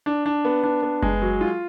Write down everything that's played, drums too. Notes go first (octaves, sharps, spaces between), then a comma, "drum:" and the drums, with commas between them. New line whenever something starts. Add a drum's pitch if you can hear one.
D4
D4
B3
D4
B3
G#3, drum: kick F#1
F#3
F4